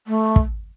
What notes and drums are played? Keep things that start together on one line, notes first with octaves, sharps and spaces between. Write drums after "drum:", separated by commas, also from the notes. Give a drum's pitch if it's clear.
A3
drum: kick